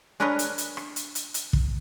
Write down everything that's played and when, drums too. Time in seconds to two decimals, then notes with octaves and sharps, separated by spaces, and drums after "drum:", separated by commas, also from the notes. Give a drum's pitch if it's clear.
0.20 D4 G#4 A#4 B4 C#5 D#5
0.39 drum: hi-hat
0.58 drum: hi-hat
0.77 drum: rim click
0.96 drum: hi-hat
1.15 drum: hi-hat
1.34 drum: hi-hat
1.53 drum: kick